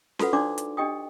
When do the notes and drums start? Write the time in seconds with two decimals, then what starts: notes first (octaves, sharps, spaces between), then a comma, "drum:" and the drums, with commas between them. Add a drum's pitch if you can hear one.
0.19 F4 F#4 A4 B4 F#5, drum: snare C#4
0.33 D4 D#4 C5 D5 C6 D6
0.58 drum: hi-hat
0.77 D4 G4 D#5 G5 D#6